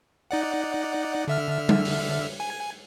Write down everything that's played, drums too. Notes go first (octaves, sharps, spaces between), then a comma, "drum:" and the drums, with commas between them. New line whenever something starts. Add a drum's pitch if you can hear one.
D#4 D5 F#5
D3 E5 F6
drum: tom G3
drum: open hi-hat
G#5